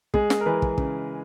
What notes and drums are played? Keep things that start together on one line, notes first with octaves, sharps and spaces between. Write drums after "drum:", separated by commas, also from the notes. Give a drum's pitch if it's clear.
G#3 G#4, drum: kick
drum: snare
A#4
E3 B4
drum: kick
C#3, drum: kick